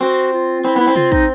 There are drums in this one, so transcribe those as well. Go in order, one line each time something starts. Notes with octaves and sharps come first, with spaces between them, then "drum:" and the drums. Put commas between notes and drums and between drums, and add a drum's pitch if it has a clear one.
C4 F#4
F4
C4 E4
B3 E4
C4
F4, drum: tom C3
D#4, drum: kick